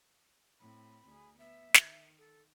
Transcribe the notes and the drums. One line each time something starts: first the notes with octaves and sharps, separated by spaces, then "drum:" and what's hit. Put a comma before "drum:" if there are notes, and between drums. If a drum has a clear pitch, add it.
A2 C4 B5
D2 G#4
B3 E5
D#3, drum: snare
A4